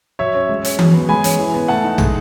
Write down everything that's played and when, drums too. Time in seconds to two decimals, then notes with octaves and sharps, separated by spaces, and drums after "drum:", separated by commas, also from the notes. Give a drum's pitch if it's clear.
0.19 F#3 C#5 E5
0.35 C#4
0.49 G#3
0.65 C#4, drum: hi-hat
0.79 F#3, drum: tom E3
0.94 B3
1.09 G#3 G#5 B5
1.24 C#4, drum: hi-hat
1.39 E3
1.54 B3
1.68 A3 F#5 A5
1.84 D#4
1.98 G#3, drum: tom